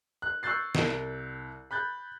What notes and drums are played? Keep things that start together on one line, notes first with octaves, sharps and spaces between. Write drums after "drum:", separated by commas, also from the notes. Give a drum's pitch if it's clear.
F#6
C#6 E6 F#6 G6 A6 C7
C2, drum: snare
B5 F#6 G6 A6